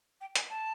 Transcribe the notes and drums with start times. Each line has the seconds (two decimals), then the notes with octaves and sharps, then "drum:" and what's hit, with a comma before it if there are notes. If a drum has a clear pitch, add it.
0.21 G5
0.35 G#5, drum: hi-hat
0.50 A5